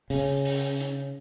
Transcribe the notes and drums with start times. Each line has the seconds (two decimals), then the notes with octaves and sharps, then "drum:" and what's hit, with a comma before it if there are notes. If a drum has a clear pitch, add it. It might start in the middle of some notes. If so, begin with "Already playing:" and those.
0.10 C#3, drum: open hi-hat
0.45 drum: open hi-hat
0.80 drum: hi-hat